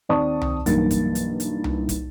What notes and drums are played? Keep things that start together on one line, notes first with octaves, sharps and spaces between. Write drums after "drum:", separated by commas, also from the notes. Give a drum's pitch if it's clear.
D#2 C4 D5 A5 C#6 D#6
drum: tom C2
B1 G2 E3 A#3 E4 A6, drum: hi-hat
drum: kick, hi-hat
drum: hi-hat
drum: hi-hat
drum: tom C2
drum: kick, hi-hat